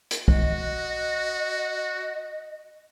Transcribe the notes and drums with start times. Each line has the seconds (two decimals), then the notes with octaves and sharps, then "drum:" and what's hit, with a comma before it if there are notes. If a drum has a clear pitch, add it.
0.11 drum: hi-hat
0.28 F#4 D#5, drum: kick